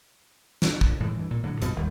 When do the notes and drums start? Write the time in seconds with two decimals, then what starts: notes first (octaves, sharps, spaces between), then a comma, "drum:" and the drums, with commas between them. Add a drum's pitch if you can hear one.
0.62 drum: snare
0.81 drum: kick
1.00 A2 E3 G#3
1.16 G2 E3
1.31 A#2
1.43 A2 D3 F#3
1.62 G2 B2 F3 F#3, drum: hi-hat
1.76 F1 D#2 D#3 G3